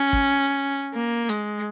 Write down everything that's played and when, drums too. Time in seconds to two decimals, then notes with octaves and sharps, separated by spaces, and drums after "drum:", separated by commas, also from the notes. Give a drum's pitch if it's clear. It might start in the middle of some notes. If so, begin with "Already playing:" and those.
Already playing: C#4
0.13 drum: kick
0.94 A#3
1.29 G#3, drum: hi-hat